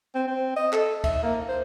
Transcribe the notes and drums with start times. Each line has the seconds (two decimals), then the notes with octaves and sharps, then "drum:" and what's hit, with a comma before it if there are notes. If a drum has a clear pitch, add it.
0.15 C4
0.27 C4
0.56 D#5
0.73 A4, drum: clap
1.04 E5, drum: kick D2, cymbal
1.23 A#3
1.49 C5